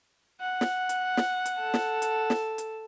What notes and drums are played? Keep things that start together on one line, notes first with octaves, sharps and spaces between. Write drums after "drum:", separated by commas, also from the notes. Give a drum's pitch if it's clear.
F#5
drum: snare
drum: hi-hat
drum: snare
drum: hi-hat
A4
drum: snare
drum: hi-hat
drum: snare
drum: hi-hat